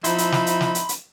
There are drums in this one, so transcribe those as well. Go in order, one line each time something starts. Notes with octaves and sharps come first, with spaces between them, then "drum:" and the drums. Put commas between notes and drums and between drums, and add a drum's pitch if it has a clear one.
F3 C4 D#4 E4 B5 C6, drum: hi-hat
drum: hi-hat
drum: snare
drum: hi-hat
drum: snare
drum: hi-hat
drum: hi-hat